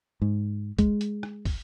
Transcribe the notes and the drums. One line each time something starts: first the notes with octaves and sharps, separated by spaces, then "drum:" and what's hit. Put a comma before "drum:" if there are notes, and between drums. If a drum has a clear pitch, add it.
G#2
G#3, drum: kick, hi-hat
drum: hi-hat
drum: rim click
drum: kick, open hi-hat